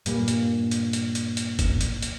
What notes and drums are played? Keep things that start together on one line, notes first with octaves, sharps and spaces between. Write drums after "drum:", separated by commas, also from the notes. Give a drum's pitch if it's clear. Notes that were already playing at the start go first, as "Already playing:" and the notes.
G2 A#2 G3 A#3, drum: hi-hat
drum: hi-hat
drum: hi-hat
drum: hi-hat
drum: hi-hat
drum: hi-hat
drum: kick F#1, hi-hat
drum: hi-hat
drum: hi-hat